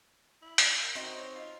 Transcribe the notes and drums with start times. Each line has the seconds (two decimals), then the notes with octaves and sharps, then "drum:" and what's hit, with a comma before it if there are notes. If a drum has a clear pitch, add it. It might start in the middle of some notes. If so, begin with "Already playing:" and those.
0.42 E4
0.58 drum: hi-hat
0.82 A#4
0.95 C4 D#4 F#4 G5
1.17 C#5
1.35 F4